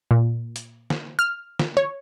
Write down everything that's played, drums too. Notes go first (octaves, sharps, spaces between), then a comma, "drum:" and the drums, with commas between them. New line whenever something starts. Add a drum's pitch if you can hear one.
A#2
drum: hi-hat
drum: snare
F6
drum: snare
C#5